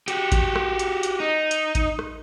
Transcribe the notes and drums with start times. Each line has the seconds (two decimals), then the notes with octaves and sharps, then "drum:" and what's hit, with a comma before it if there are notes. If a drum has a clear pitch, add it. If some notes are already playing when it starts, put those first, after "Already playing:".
0.08 F#4 G4, drum: hi-hat
0.32 drum: kick A1, hi-hat
0.56 drum: rim click
0.79 drum: hi-hat
1.03 drum: hi-hat
1.20 D#4
1.51 drum: hi-hat
1.75 drum: kick A1, hi-hat
1.99 drum: rim click